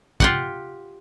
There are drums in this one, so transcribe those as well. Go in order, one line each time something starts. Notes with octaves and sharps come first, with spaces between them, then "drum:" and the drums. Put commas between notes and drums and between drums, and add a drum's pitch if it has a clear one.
F4 G4 F#5, drum: kick